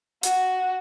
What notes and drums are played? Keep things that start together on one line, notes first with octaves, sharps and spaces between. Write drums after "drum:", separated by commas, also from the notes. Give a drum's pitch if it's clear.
F#4, drum: hi-hat